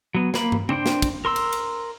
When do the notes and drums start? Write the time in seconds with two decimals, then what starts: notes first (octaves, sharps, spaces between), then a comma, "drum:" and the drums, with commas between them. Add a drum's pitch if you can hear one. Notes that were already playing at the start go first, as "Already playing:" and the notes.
0.15 F#3 B3
0.34 A#3 B5, drum: snare
0.52 drum: tom
0.69 C4 D4 C5 G5, drum: tom C#3
0.86 drum: snare
1.02 drum: kick, cymbal
1.25 A#4 C6 E6
1.36 drum: cymbal
1.53 drum: cymbal